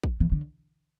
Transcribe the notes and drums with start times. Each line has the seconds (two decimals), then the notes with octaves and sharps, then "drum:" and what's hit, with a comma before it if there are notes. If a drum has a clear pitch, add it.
0.04 drum: kick
0.20 E3
0.32 D3